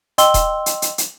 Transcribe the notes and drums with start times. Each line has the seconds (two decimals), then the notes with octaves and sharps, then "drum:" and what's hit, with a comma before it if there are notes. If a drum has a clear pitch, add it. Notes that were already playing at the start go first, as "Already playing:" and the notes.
0.18 D#5 G5 C6 E6 G7, drum: hi-hat
0.34 drum: kick D#1, hi-hat
0.66 drum: hi-hat
0.82 drum: hi-hat
0.98 drum: hi-hat